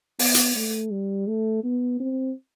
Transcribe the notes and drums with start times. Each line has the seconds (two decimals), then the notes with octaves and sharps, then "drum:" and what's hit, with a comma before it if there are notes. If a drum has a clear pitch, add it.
0.19 B3, drum: open hi-hat
0.34 drum: hi-hat
0.56 A3
0.92 G3
1.27 A3
1.64 B3
2.00 C4